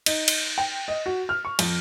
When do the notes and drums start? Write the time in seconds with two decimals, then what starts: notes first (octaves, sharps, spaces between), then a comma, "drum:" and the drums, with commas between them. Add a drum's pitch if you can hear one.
0.06 D#4, drum: cymbal
0.28 drum: cymbal
0.58 G5
0.88 D#5
1.06 F#4
1.29 F6
1.45 C#6
1.59 F2, drum: cymbal